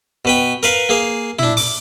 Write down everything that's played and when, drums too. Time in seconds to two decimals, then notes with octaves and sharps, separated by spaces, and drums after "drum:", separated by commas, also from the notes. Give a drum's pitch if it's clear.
0.25 B2 B4 G5
0.63 A#4 B4 F5, drum: hi-hat
0.89 A#3 G#4 F5
1.39 D4 E4, drum: tom
1.57 D6, drum: open hi-hat